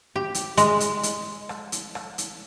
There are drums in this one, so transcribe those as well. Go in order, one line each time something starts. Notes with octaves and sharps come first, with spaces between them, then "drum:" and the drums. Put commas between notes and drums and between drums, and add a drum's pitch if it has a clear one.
G4
drum: hi-hat
G#3, drum: hi-hat
drum: hi-hat
drum: hi-hat
drum: rim click
drum: hi-hat
drum: rim click
drum: hi-hat